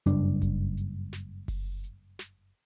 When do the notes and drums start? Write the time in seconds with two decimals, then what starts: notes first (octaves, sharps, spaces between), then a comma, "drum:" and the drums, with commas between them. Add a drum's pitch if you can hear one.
0.06 F#1 G2 D4, drum: hi-hat
0.42 drum: kick F#1, hi-hat
0.77 drum: hi-hat
1.13 drum: snare
1.48 drum: kick F#1, open hi-hat
1.84 drum: hi-hat
2.19 drum: snare